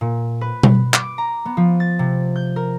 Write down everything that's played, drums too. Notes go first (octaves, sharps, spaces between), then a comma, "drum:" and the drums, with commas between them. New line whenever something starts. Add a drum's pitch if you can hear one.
A#2
B4
drum: tom B2
D6, drum: clap
A#5
B3
F3
A6
C3
G6
A#4